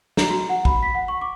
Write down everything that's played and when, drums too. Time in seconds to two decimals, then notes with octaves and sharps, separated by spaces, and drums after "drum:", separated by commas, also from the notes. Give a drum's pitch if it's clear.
0.17 A#5, drum: snare
0.30 F#4
0.49 F#5
0.65 B5, drum: kick
0.83 B6
0.94 F#5
1.08 C#6
1.21 D6